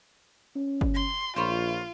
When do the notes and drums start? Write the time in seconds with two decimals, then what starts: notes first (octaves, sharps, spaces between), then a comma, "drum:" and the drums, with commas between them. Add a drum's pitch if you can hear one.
0.56 C#4
0.81 drum: kick G1
0.94 C6
1.36 A#1 F4 C5 C#5 B5